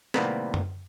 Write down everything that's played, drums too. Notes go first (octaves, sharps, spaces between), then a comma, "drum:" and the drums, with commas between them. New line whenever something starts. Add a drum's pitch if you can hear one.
A2 C3 D#3 G3 A#3 B3, drum: snare
drum: tom F#2